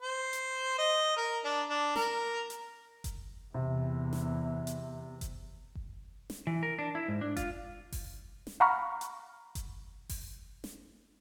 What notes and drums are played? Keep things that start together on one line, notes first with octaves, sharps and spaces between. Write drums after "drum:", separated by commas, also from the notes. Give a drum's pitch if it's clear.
C5
drum: hi-hat
D#5
A#4
D4
D4
A#4, drum: snare
drum: hi-hat
drum: kick F#1, hi-hat
E2 C3
drum: snare
drum: hi-hat
drum: kick F#1, hi-hat
drum: kick F#1
drum: snare
E3
A#4
D4
E4
G#2
D4
F4, drum: kick F#1, hi-hat
drum: kick F#1, open hi-hat
drum: snare
F5 F#5 A#5 B5 C#6 F6
drum: hi-hat
drum: kick F#1, hi-hat
drum: kick F#1, open hi-hat
drum: snare